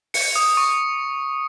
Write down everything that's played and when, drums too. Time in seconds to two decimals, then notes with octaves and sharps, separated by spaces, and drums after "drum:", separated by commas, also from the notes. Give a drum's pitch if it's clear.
0.14 C#7, drum: open hi-hat
0.36 D#6
0.57 C#6